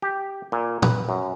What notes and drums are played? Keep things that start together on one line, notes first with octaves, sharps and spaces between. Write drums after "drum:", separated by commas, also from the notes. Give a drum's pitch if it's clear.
G4
A#2
B4, drum: tom
F#2